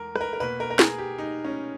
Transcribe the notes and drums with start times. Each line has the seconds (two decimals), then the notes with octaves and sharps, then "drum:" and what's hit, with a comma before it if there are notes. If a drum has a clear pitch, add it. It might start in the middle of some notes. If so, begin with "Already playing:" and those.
Already playing: E2 G#3 A#4
0.16 B4, drum: rim click
0.21 A#4
0.33 A#4
0.40 B2 A#3 B4
0.60 A#4
0.70 A#4
0.79 G#4, drum: snare
0.98 G4
1.18 D#4
1.44 C#4